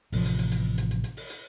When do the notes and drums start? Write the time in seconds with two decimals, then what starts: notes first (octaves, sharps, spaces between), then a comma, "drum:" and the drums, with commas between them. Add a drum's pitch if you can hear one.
0.12 A1 C3 F3, drum: open hi-hat
0.25 drum: hi-hat
0.39 drum: hi-hat
0.52 drum: hi-hat
0.78 drum: hi-hat
0.91 drum: hi-hat
1.04 drum: hi-hat
1.17 drum: open hi-hat
1.30 drum: hi-hat